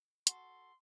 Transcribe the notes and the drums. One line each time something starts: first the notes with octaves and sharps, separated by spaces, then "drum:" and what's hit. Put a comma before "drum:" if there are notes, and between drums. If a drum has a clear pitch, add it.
F#4 A4 C6, drum: hi-hat